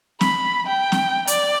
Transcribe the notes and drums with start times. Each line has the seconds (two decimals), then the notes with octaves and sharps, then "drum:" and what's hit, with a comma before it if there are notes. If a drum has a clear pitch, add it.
0.21 B5, drum: snare C4
0.66 G5
0.92 drum: snare C4
1.27 D5, drum: hi-hat